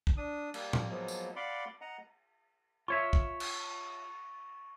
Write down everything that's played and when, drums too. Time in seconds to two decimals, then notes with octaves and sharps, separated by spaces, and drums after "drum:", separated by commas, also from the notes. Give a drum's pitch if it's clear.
0.07 drum: kick
0.17 D4 D#6
0.54 G3 A#3, drum: cymbal
0.73 drum: tom A2
0.89 F3 F#3 G#3 A#3 B3
1.08 drum: tambourine
1.36 D5 F5 F#5 B5 C6 D6
1.81 D#5 F#5 A#5
2.88 F4 C#5 E5 C#6
3.13 drum: kick
3.40 drum: cymbal